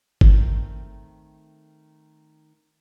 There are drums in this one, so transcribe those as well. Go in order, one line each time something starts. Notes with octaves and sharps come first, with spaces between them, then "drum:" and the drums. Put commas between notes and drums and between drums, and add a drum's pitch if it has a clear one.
D#3 A3 C4, drum: kick G1